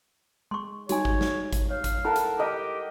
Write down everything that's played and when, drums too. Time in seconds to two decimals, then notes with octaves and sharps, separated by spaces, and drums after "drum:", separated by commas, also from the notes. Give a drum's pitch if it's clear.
0.51 G#3 C6 C#6
0.89 G3 G#3 D#4 F#4 C#5 G#5, drum: hi-hat
1.05 drum: kick G#1
1.21 drum: snare
1.53 drum: kick G#1, hi-hat
1.71 C#5 F5
1.84 drum: kick G#1, hi-hat
2.05 E4 A4 A#4 F#5 A5 B5
2.16 drum: hi-hat
2.39 G4 A#4 D#5 F#5